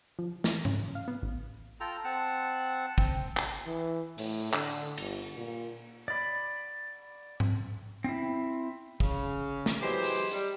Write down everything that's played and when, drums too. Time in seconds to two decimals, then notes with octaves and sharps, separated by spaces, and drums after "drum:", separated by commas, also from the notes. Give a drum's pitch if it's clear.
0.19 F3
0.44 E3, drum: snare
0.65 C#3, drum: tom G#2
0.95 F5
1.08 B3
1.23 A1
1.80 F4 A4 G5 A#5
2.04 C4 F#5 A5
2.98 C4, drum: kick
3.37 drum: clap
3.66 E3
4.18 A2, drum: open hi-hat
4.53 D3, drum: clap
4.98 G1, drum: cymbal
5.36 A#2
6.08 D5 B5
7.40 drum: tom G#2
8.04 C4 E4
9.00 C#3, drum: kick
9.66 drum: snare
9.81 E3 F#3 G#3 G4 C5
10.03 drum: open hi-hat
10.31 G3, drum: hi-hat